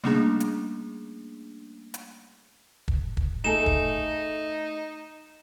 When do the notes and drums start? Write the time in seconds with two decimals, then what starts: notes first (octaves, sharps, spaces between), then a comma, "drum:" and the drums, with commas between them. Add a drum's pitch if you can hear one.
0.04 G3 A3 A#3 C#4 D4 G#4, drum: snare
0.40 drum: hi-hat
1.94 drum: hi-hat
2.88 drum: kick
3.17 drum: kick
3.44 A3 D#4 G#4 A4 E7
3.66 drum: kick